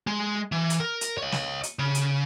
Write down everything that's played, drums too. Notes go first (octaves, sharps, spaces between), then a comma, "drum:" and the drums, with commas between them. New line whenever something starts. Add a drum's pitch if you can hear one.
G#3
E3
drum: hi-hat
A#4
drum: hi-hat
C#5 D#5
drum: snare
drum: hi-hat
C#3
drum: hi-hat